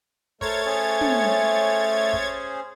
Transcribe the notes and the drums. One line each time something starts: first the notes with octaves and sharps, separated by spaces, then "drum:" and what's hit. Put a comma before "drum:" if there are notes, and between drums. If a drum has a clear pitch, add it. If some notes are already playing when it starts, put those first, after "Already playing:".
A3 A#4 C5 C#5 G#6 A6, drum: kick
C#4 G#4 C5
drum: tom
drum: kick